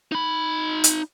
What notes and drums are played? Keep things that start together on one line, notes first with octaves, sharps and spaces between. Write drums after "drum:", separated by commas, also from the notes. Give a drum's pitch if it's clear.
D#4 B5
drum: hi-hat